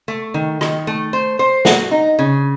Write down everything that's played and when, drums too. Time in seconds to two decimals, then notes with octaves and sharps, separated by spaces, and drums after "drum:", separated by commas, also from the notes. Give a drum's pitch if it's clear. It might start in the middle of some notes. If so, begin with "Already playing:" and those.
0.08 A3
0.34 D#3
0.61 D#3, drum: rim click
0.87 A3
1.13 C5
1.39 C5
1.65 F#4, drum: snare
1.91 D#4
2.19 C#3